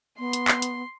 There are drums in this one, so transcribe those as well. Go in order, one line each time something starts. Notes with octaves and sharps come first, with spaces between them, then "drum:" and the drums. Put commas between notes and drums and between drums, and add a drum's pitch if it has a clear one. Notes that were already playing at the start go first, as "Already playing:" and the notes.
B3 C6
drum: hi-hat
drum: clap
drum: hi-hat